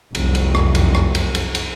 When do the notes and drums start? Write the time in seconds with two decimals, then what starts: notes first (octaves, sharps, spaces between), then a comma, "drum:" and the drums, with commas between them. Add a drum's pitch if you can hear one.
0.15 F1 C2 F#2, drum: cymbal
0.35 drum: cymbal
0.55 drum: rim click
0.75 drum: cymbal
0.95 drum: rim click
1.15 drum: cymbal
1.35 drum: cymbal
1.55 drum: cymbal